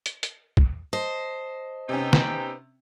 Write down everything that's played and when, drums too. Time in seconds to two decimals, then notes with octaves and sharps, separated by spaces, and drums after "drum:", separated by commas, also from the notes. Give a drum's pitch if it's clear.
0.06 drum: hi-hat
0.23 drum: hi-hat
0.57 drum: kick
0.93 C5 D#5 A5 D#6
1.89 C3 B3 C#4 D#4 G5
2.13 drum: snare